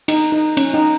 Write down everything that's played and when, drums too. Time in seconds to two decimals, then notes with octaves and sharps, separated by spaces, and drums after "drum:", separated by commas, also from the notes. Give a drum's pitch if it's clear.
0.08 D#4, drum: cymbal
0.32 D#4
0.57 C#4, drum: cymbal
0.74 D#4